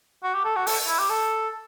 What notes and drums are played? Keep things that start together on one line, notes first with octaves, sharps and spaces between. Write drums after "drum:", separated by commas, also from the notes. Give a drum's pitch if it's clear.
F#4
G4
A4
F#4
A4, drum: open hi-hat
E4
G4
A4